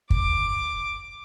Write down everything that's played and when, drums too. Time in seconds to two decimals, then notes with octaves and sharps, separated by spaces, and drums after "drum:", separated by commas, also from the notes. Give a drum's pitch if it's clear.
0.10 D6, drum: kick